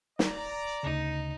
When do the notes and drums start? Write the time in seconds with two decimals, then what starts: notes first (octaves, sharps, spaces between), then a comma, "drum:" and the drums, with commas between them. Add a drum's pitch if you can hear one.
0.19 D5 A#5, drum: snare
0.83 D2 C#3 D#4